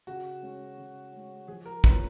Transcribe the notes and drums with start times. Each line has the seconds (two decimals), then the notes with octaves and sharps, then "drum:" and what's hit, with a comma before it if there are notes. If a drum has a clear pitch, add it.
0.07 C#3 F#4
0.42 G#3 C#4
0.78 C#3
1.13 G#3 C#4
1.48 F3 G#4
1.66 A#4
1.84 A#3 C#4 F4 B4, drum: kick